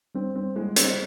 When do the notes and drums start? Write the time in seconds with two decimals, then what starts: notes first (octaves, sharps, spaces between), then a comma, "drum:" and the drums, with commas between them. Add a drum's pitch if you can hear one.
0.15 G3 C4
0.36 C4
0.56 G#3 A#3 E4 G#4
0.76 C4, drum: hi-hat